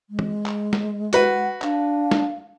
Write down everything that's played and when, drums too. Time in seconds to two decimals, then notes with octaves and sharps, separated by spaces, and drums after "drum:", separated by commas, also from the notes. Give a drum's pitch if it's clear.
0.10 G#3
0.19 drum: tom
0.46 drum: clap
0.73 drum: snare
1.13 F#4 B4 F#5, drum: hi-hat
1.62 D4 F5, drum: clap
2.11 drum: snare